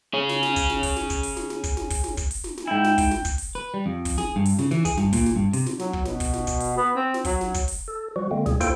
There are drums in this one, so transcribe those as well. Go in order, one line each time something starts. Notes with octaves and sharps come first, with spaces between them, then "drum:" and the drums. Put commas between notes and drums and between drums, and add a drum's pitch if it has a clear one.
G#4 C#5
drum: snare
drum: snare
drum: kick, hi-hat
drum: snare
drum: kick, open hi-hat
drum: snare
drum: kick, hi-hat
drum: open hi-hat
drum: snare
drum: snare
drum: kick, hi-hat
drum: snare
drum: kick, open hi-hat
drum: snare
drum: kick, hi-hat
drum: open hi-hat
drum: snare
drum: snare
G#2 E4 G5
drum: snare
drum: kick, open hi-hat
drum: snare
drum: kick, hi-hat
drum: open hi-hat
B4
G3
F2
drum: kick, open hi-hat
G#4, drum: snare
G2
drum: open hi-hat
C#3, drum: snare
E3, drum: snare
G#4, drum: kick, hi-hat
G2, drum: snare
A#2, drum: kick, open hi-hat
drum: snare
G2
C3, drum: open hi-hat
drum: snare
F#3, drum: snare
drum: kick
B2, drum: snare
drum: kick, open hi-hat
drum: snare
drum: kick, hi-hat
drum: open hi-hat
B3
C4
drum: snare
F#3, drum: kick, open hi-hat
drum: snare
drum: kick, hi-hat
drum: open hi-hat
A4
F3 G3 F#4
D3 G#3 A#3 C4
D2 B2 G3 G#4, drum: snare
A#3 E4 F4 A4 C5 G5, drum: kick, hi-hat